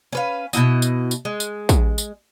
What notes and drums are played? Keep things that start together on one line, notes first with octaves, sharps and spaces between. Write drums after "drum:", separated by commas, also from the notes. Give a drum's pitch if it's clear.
C#4 B4 F5
B2 D#4 E4 D#5, drum: tambourine
drum: tambourine
drum: tambourine
G#3
drum: tambourine
drum: kick, tambourine
drum: tambourine